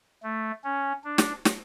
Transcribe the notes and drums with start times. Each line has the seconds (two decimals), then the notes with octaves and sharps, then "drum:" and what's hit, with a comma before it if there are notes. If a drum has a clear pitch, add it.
0.23 A3
0.64 C#4
1.04 D4
1.18 drum: snare
1.45 drum: snare